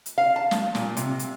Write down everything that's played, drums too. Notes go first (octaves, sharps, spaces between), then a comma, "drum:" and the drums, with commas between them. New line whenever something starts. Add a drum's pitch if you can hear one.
drum: hi-hat
F5
A5
drum: snare
A#2, drum: snare
C3, drum: hi-hat
drum: hi-hat